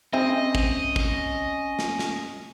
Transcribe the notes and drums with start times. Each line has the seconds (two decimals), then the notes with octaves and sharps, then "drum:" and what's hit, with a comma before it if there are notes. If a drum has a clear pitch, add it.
0.13 G#3 C4 C#4 D#5 E5 G5
0.55 drum: kick
0.96 drum: kick
1.79 drum: snare
1.99 drum: snare